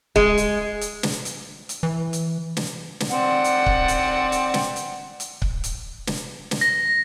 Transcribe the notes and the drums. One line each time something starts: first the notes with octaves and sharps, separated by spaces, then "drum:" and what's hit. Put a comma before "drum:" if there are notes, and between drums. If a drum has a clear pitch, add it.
G#3, drum: kick C#1
drum: hi-hat
drum: hi-hat
drum: snare
drum: hi-hat
drum: hi-hat
E3
drum: hi-hat
drum: snare
drum: snare
C4 D5 F#5
drum: hi-hat
drum: kick C#1
drum: hi-hat
drum: hi-hat
drum: snare
drum: hi-hat
drum: hi-hat
drum: kick C#1
drum: hi-hat
drum: snare
drum: snare
A#6